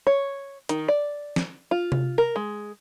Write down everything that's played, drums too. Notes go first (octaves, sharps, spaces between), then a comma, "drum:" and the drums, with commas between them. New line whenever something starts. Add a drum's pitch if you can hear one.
C#5
D#3, drum: hi-hat
D5
drum: snare
F4
drum: tom C3
A#4
G#3